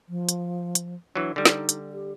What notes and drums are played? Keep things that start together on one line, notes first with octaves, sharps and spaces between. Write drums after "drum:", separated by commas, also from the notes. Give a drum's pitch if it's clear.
F3
drum: hi-hat
drum: hi-hat
E3 F#3 D4
D3 G3 D#4
drum: snare
drum: hi-hat
G4